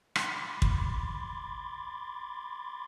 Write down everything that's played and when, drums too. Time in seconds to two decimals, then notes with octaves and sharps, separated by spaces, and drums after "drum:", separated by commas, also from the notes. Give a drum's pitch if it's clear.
0.16 B5 C6 D6 G#6 A6, drum: rim click
0.62 drum: kick